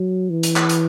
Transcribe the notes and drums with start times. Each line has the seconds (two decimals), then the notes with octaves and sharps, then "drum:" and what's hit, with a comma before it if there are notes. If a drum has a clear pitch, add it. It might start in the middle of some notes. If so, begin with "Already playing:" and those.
Already playing: F#3
0.30 E3
0.43 drum: hi-hat
0.56 drum: clap
0.69 drum: hi-hat